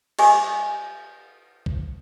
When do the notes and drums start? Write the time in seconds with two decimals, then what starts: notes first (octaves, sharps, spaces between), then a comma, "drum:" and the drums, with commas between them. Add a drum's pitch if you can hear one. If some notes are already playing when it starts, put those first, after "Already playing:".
0.19 G4 D5 D#5 G#5 D6 D#6, drum: cymbal
1.66 drum: kick